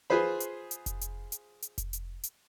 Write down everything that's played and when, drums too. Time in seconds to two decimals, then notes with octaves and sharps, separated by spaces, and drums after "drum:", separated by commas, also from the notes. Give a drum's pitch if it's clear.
0.10 F4 G#4 B4 C5 B5
0.40 drum: hi-hat
0.71 drum: hi-hat
0.86 drum: kick F1, hi-hat
1.01 drum: hi-hat
1.32 drum: hi-hat
1.62 drum: hi-hat
1.78 drum: kick F1, hi-hat
1.93 drum: hi-hat
2.23 drum: hi-hat